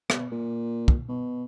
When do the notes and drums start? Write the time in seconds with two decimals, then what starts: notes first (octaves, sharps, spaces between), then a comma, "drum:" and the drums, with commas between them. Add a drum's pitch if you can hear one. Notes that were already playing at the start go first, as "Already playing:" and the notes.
0.10 B2, drum: rim click
0.31 A#2
0.88 drum: kick
1.08 B2